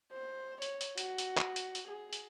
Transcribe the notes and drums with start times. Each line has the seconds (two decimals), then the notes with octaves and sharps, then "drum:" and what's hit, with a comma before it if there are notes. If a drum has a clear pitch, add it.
0.13 C5
0.62 C#5, drum: hi-hat
0.81 drum: hi-hat
0.98 F#4, drum: hi-hat
1.18 drum: hi-hat
1.37 drum: clap
1.56 drum: hi-hat
1.75 drum: hi-hat
1.88 G#4
2.13 drum: hi-hat